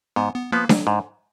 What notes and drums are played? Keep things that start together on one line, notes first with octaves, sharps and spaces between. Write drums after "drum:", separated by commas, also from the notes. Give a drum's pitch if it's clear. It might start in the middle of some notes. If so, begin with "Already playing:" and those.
G#2 B3
B3
F3 A#3 B3
F#3, drum: snare D4
G#2